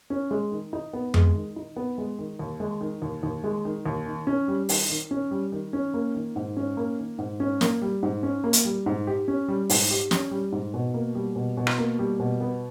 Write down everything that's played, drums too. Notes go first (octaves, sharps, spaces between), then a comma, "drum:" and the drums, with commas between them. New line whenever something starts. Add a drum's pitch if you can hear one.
C#4
G#3
D#3
D#4
B3
G#3, drum: tom F2
D#3
D#4
B3
G#3
D#3
D#2
G#3
D#3
D#2
D#2
G#3
D#3
D#2
D#3
C#4
G3
D#3, drum: open hi-hat
D#3
C#4
G3
D#3
C#4
A#3
D#3
G#2
C#4
A#3
D#3
G#2
C#4
A#3, drum: snare
G3
G#2
C#4
A#3
drum: hi-hat
G3
G#2
G4
C#4
G3
G#2, drum: open hi-hat
G4
C#4, drum: snare
G3
G#2
B2
A#3
G3
B2
B2
drum: rim click
A#3
G3
B2
B3